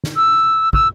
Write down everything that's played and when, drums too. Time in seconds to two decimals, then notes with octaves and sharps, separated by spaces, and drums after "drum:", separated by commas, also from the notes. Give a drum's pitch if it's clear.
0.04 drum: snare
0.16 E6
0.73 E6, drum: kick